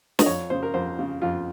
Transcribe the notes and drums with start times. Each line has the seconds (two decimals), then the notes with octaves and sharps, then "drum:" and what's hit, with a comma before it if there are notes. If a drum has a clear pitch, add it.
0.19 D#5, drum: snare
0.26 F2 C#5
0.50 C#3 C5
0.63 A#4
0.74 F2 C5
0.99 C#3
1.22 F2 F4